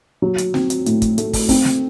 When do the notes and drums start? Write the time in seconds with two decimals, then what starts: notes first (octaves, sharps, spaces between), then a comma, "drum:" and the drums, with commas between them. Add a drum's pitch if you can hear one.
0.22 F#3
0.38 drum: hi-hat
0.54 C4, drum: snare
0.70 drum: hi-hat
0.86 A2, drum: hi-hat
1.02 drum: kick, hi-hat
1.18 A3, drum: hi-hat
1.33 drum: kick, open hi-hat
1.49 C4, drum: kick, open hi-hat
1.65 drum: snare